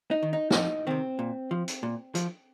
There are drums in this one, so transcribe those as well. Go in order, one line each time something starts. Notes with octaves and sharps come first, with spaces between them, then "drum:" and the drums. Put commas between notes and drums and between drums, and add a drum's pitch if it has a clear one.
D#4
D#3
D#4
C4, drum: snare
F2 D#4
C3 D#3 C4
A#2
F3
drum: hi-hat
A#2
F3, drum: hi-hat